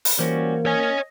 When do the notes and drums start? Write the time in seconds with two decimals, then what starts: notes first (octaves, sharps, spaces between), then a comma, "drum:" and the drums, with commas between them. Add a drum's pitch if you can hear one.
0.05 drum: open hi-hat
0.19 E3 G3 A#3 C#4 F#4 C5
0.66 C#5 D#5 G#5